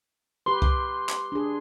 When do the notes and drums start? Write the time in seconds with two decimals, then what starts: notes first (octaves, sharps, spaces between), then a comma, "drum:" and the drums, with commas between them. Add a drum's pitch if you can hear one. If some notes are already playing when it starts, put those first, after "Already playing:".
0.46 G4 B4 C6
0.62 drum: kick C2
1.09 drum: clap
1.32 D4 G#4